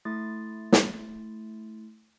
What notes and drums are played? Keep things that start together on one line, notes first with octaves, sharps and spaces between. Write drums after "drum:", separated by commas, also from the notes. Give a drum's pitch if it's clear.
A3 E4 C6 D#6 A6
drum: snare